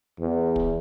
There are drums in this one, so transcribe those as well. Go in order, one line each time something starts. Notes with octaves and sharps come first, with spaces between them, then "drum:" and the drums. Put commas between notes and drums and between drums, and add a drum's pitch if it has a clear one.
E2
drum: kick